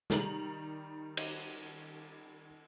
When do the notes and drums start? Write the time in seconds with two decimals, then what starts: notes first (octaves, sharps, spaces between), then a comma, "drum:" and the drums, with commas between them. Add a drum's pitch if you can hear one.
0.10 D#3 G3 A#5 F#7, drum: snare
1.17 drum: cymbal